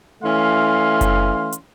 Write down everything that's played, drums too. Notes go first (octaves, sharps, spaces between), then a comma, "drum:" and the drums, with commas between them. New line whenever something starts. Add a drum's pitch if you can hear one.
E3 A3 C#4 F5 C6
drum: kick F#1, hi-hat
drum: hi-hat